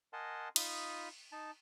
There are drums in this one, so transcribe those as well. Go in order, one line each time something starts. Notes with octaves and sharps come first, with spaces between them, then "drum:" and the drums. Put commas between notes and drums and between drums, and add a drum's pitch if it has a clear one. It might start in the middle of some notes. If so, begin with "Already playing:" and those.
A#4 D#5 F#5 G#5 A5 C6
D#4 F4 B5 D#6, drum: cymbal
D#4 A5